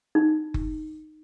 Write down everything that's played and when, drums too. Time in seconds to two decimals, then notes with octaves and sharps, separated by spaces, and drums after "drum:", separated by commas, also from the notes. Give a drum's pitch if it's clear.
0.15 D#4
0.54 drum: kick F#1